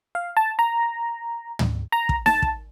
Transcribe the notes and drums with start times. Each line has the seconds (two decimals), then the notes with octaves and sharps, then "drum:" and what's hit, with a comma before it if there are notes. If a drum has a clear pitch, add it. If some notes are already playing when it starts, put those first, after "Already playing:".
0.15 F5
0.37 A5
0.59 A#5
1.59 drum: tom
1.92 A#5
2.09 drum: kick
2.26 A5, drum: snare D#4
2.42 drum: kick